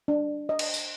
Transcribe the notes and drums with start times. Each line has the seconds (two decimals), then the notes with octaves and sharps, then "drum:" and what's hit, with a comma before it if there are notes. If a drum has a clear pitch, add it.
0.08 D4
0.49 D#5
0.59 drum: cymbal
0.74 drum: tambourine